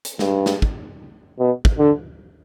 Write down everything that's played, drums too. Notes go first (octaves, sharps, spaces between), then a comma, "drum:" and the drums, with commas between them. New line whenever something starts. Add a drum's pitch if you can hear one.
drum: hi-hat
G2, drum: snare
drum: snare
drum: kick
B2
drum: kick
D3